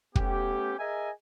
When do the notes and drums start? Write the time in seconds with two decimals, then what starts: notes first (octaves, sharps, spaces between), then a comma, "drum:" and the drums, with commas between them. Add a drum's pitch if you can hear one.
0.15 A3 B3 C#4 G4, drum: kick
0.79 G#4 A#4 D#5 E5 G#5